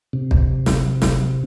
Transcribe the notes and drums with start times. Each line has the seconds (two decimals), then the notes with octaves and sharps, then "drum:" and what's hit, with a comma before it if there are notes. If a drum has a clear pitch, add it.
0.13 C3
0.31 drum: kick
0.66 drum: snare
1.02 drum: snare